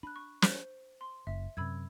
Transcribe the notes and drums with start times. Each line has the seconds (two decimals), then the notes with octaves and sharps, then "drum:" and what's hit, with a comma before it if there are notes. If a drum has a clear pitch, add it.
0.03 D4 B5 F#6
0.16 C#6
0.42 C5, drum: snare
1.01 C6
1.27 F#1 E5
1.57 F#2 C3 B5 E6 G#6